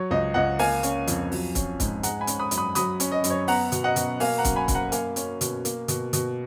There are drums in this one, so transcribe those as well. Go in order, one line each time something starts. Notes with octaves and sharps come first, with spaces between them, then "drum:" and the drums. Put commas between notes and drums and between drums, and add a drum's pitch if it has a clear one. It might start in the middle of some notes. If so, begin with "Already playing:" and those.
Already playing: F#3 C#5
C#2 D#5
C#2 D#5 F#5
A#3 F5 G#5, drum: open hi-hat
C#4, drum: hi-hat
F2, drum: hi-hat
F#3, drum: open hi-hat
C#4, drum: kick, hi-hat
G#2, drum: kick, hi-hat
G#3 F#5 A#5, drum: hi-hat
G#5 B5
C#4, drum: hi-hat
B5 D#6
F#2, drum: hi-hat
B5 D#6
F#3 B5 D#6, drum: hi-hat
C#4, drum: hi-hat
D#5
F#2, drum: hi-hat
C#5
B3 F#5 A#5, drum: open hi-hat
B2, drum: hi-hat
D#5 F#5
B2, drum: hi-hat
A#3 F5 G#5, drum: open hi-hat
F#5 A#5
F#2, drum: kick, hi-hat
G#5 B5
F#2, drum: kick, hi-hat
F#5 A#5
A#3 F5 G#5, drum: hi-hat
C#4, drum: hi-hat
B2, drum: hi-hat
A#3, drum: hi-hat
B2, drum: hi-hat
B2, drum: hi-hat